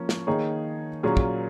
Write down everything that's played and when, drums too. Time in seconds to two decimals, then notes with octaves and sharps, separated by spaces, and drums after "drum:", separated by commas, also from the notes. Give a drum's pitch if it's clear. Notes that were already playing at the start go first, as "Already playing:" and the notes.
Already playing: F3 A#3 C#4
0.09 drum: snare
0.27 D#3 A#3 D#4 G#4 C#5
1.03 A#2 F#3 A#3 C#4 G#4
1.17 drum: kick